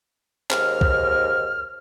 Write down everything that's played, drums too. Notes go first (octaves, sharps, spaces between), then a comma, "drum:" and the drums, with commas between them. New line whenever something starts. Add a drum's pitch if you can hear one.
D#2 G#2 F6, drum: clap
drum: kick B1